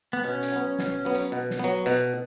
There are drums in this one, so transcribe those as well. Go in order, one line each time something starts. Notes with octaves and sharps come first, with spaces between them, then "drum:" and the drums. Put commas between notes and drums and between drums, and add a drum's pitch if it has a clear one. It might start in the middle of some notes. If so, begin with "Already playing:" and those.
B3
B2 C#4
drum: hi-hat
F#3 B3
B2, drum: snare
F#3 B3
drum: hi-hat
B2
drum: snare
F#3 B3
B2, drum: hi-hat